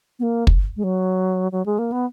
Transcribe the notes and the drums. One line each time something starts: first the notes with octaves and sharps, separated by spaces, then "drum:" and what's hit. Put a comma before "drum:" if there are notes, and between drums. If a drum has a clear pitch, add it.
B3
A#3
drum: kick
G#3
F#3
F#3
G#3
A#3
B3